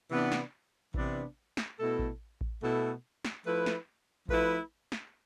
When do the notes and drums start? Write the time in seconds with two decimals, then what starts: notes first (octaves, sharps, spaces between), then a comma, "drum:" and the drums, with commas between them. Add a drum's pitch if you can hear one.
0.11 C3 E3 B3 D4
0.32 drum: snare
0.94 C3 E3 B3 D4, drum: kick A1
1.57 drum: snare
1.78 B2 A3 E4 A4
1.99 drum: kick A1
2.41 drum: kick A1
2.62 B2 A3 E4 A4
3.25 drum: snare
3.45 F3 A3 E4 B4
3.66 drum: snare
4.29 F3 A3 E4 B4, drum: kick A1
4.92 drum: snare